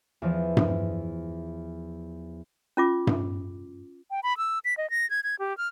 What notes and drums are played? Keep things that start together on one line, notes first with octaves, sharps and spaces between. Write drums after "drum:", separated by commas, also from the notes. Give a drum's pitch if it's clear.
E2 E3 F3
drum: tom G2
C#4 F4 D6
drum: tom G2
G5
B5
E6
B6
D#5
A#6
G#6
G#6
G4
F6